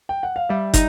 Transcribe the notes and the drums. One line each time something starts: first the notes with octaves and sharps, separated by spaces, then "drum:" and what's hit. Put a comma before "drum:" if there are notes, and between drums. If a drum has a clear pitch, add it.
G5
F#5
F5
G3 E5
D#4, drum: kick, hi-hat